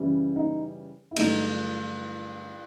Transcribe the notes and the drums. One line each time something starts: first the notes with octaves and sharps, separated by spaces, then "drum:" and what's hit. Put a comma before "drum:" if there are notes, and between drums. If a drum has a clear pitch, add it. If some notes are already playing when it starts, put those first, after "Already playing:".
Already playing: F#2 C#3 E3 G3
D#4
E4
G2 D3 F#3 A3 D#4, drum: cymbal